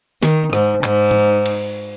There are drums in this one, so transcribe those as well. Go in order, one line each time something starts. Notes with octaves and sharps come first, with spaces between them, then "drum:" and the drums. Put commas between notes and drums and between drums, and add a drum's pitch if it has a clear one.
D#3, drum: snare
G#2, drum: rim click
G#2, drum: clap
drum: tom G#2
drum: cymbal